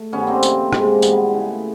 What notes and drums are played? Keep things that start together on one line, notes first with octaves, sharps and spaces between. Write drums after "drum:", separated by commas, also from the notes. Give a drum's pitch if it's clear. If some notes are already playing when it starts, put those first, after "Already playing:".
Already playing: A3
G2 D#3 G3 B3 C#4
A#3 C4
C3 F3 A3, drum: tambourine
G#2 F3 G#3, drum: rim click
G#2 E3 G3 B3, drum: tambourine
C#3 E3 A3